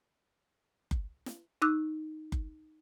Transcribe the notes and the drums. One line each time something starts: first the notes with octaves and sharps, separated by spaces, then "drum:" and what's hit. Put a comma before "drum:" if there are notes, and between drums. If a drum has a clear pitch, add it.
drum: kick F#1
drum: snare
D#4 D6 E6 F#6
drum: kick F#1